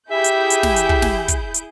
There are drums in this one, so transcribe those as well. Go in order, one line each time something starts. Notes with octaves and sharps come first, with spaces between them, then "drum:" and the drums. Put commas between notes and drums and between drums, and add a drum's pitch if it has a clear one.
E4 G4 G#4 E5 G6
drum: hi-hat
drum: hi-hat
drum: snare
drum: hi-hat
drum: kick
drum: snare
drum: kick, hi-hat
drum: hi-hat